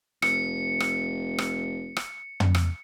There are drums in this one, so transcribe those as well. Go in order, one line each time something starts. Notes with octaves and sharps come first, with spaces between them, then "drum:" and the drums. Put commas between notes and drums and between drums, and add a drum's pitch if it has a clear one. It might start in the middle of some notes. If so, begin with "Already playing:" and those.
F1 C#7, drum: rim click
drum: rim click
drum: rim click
drum: rim click
drum: tom
drum: rim click